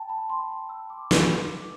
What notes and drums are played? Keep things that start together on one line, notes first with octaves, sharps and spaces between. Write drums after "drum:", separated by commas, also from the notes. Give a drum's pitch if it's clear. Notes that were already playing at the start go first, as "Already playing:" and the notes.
Already playing: G5 A5
B5
C6
E6
D6
C6, drum: snare
C6
D6